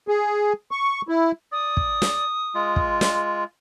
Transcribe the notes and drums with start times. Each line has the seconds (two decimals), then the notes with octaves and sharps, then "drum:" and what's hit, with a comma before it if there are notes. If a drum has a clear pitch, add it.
0.08 G#4
0.71 C#6
1.08 E4
1.52 D5 D#6
1.77 drum: kick
2.02 drum: snare
2.55 G#3 F4
2.76 drum: kick
3.01 drum: snare